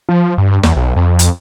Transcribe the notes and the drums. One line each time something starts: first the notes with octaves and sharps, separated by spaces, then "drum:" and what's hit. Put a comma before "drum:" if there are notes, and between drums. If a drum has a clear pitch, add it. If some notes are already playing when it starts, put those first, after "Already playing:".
F3
G2
E2, drum: snare
B1
F2
drum: hi-hat